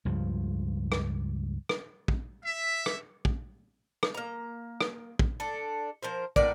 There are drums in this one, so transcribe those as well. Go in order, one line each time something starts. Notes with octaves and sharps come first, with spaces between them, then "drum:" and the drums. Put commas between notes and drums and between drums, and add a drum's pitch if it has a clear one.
C#2 G2 C#3 F3
drum: rim click
drum: rim click
drum: kick
E5
drum: rim click
drum: kick
drum: rim click
A#3 A#5
drum: rim click
drum: kick
D4 A4
F3 A#4 C5
A2 B3 A#4 D5, drum: kick